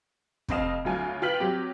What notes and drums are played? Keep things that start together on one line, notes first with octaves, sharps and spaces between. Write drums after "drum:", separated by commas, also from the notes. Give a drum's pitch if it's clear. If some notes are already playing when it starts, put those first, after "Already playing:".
F1 F2 C4 D#5 F5 E7, drum: kick
D2 F#3 F4 G#5
F4 B4 G5 F6 B6 F#7
F#3 C4 G4